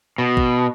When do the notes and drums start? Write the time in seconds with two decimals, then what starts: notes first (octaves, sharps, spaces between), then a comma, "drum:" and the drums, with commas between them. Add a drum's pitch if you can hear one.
0.18 B2
0.37 drum: kick G#1